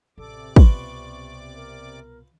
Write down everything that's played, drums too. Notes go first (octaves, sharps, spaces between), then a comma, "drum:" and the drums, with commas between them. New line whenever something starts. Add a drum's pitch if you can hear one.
A1 C3 A4 D5 D6
C2 B2 F4 B4 G#5 C#6, drum: kick
A#4